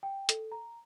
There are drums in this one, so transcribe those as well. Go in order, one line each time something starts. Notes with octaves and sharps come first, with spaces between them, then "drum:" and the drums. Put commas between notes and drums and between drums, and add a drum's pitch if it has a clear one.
G5
A4, drum: hi-hat
A#5